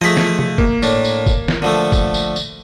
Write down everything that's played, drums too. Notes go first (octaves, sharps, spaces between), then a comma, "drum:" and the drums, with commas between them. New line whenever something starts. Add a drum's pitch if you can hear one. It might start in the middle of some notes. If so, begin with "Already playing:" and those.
F3 A3 G#4 D#5 B6
drum: snare
drum: tom C3
A#3, drum: kick
A2 D4, drum: tambourine
drum: tambourine
drum: kick, tambourine
drum: snare
D3 F3 A3
drum: kick, tambourine
drum: tambourine
drum: tambourine